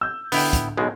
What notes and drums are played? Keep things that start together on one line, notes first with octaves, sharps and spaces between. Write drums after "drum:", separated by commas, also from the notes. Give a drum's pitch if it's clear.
E6 G6
D3 B3 E4 G5, drum: open hi-hat
drum: kick, hi-hat
B1 B2 G#3